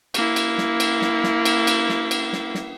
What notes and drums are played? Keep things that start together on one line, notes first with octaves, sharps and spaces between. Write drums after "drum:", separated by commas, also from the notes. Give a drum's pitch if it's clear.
A#3 E4, drum: cymbal
drum: cymbal
drum: snare
drum: cymbal
drum: snare
drum: snare
drum: cymbal
drum: cymbal
drum: snare
drum: cymbal
drum: snare
drum: snare